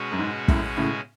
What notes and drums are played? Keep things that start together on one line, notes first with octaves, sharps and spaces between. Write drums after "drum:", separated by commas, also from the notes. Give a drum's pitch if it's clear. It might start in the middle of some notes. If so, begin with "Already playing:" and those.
Already playing: B2 G#3 C#4 F#4
F#2
G#2
F#2 A2, drum: kick
A2 C#3